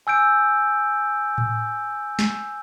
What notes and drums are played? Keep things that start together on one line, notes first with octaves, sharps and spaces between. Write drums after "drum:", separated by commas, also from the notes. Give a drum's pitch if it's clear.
G#5 E6 G6 D7
drum: tom A2
drum: snare